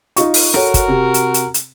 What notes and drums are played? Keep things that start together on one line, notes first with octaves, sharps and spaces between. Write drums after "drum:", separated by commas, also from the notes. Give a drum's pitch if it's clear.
D#4 F4 C#6, drum: hi-hat
drum: open hi-hat
F#4 A4 A#4 C#5, drum: rim click
drum: kick, hi-hat
C3
drum: hi-hat
drum: hi-hat
drum: hi-hat